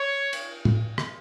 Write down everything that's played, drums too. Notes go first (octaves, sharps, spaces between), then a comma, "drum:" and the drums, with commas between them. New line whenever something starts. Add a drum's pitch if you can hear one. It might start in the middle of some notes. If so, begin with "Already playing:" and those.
Already playing: C#5
drum: cymbal
drum: tom
drum: rim click